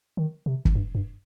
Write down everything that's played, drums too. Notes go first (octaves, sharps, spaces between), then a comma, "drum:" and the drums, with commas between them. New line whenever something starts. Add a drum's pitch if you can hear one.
D#3
C3
drum: kick
G2
G2